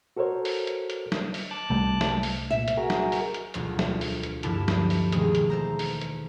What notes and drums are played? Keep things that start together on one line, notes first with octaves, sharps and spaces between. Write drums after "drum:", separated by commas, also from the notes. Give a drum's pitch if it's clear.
F#4 A4 A#4 C5 C#5
drum: open hi-hat
drum: hi-hat
drum: hi-hat
drum: snare
drum: open hi-hat
A5 D6 F#6
C2 G3 A3
drum: snare
drum: open hi-hat
A#2 E5
drum: hi-hat
F#4 G#4 A#4
drum: snare
drum: open hi-hat
drum: hi-hat
E1 D2 F#3 F4, drum: hi-hat
drum: snare
drum: open hi-hat
drum: hi-hat
G2 D3 F3 A#3 E4 A5, drum: hi-hat
drum: snare
drum: open hi-hat
E1 D#3 G#3 A3 G#4, drum: hi-hat
drum: hi-hat
A4 C5 A#5
drum: open hi-hat
drum: hi-hat